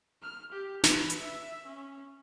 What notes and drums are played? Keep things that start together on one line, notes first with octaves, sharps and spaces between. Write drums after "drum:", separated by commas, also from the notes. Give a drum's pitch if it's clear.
F6
G4
B4, drum: snare
drum: hi-hat
E5
C#4